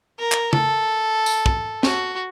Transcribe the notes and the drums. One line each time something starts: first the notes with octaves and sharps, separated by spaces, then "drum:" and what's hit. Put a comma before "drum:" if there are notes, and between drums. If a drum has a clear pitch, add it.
A#4
drum: clap
A4, drum: tom
drum: tambourine
drum: kick
F#4, drum: snare